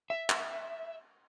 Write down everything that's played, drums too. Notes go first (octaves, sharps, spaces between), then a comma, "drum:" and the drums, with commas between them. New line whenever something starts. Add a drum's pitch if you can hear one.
E5
drum: clap